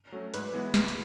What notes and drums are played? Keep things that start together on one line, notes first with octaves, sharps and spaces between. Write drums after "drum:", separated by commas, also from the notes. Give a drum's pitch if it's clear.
F#3 A3 C#4
G#2 B4, drum: hi-hat
E3 G#3 B3 E4
C#2, drum: snare
drum: hi-hat